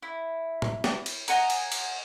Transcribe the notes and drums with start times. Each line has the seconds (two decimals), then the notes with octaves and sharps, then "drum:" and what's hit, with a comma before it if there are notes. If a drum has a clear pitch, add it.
0.03 E4
0.62 drum: tom
0.84 drum: snare
1.06 drum: cymbal
1.28 D#5 F#5 G#5 A#5, drum: cymbal
1.50 drum: cymbal
1.72 drum: cymbal